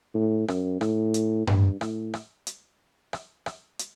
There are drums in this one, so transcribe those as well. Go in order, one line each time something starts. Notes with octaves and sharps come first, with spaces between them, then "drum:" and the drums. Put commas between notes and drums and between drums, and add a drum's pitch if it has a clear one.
A2
F#2, drum: rim click
A2, drum: rim click
drum: hi-hat
G2, drum: tom G2
A2, drum: rim click
drum: rim click
drum: hi-hat
drum: rim click
drum: rim click
drum: hi-hat